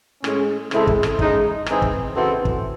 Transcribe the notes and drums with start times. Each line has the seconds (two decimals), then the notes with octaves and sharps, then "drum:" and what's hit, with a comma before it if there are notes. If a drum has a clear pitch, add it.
0.24 A2 G#3 C#4, drum: rim click
0.71 C#3 G#3 C4 E4 A4, drum: rim click
0.87 drum: kick
1.03 drum: rim click
1.19 C#3 G#3 D#4, drum: kick
1.66 G#2 E3 C4 D#4 G#4, drum: rim click
1.82 drum: kick
2.13 C#3 E3 C4 F#4 A4
2.45 drum: kick